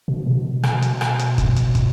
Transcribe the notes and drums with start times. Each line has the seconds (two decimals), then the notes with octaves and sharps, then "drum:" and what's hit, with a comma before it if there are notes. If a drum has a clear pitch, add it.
0.08 B2
0.27 B2
0.63 B2, drum: rim click
0.82 drum: hi-hat
1.01 drum: rim click
1.19 drum: hi-hat
1.38 drum: kick, hi-hat
1.56 drum: hi-hat
1.75 drum: kick, hi-hat